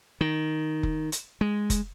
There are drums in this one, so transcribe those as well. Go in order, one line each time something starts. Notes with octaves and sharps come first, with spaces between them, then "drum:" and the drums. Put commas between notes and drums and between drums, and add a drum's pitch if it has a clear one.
D#3
drum: kick F1
drum: hi-hat
G#3
drum: kick F1, hi-hat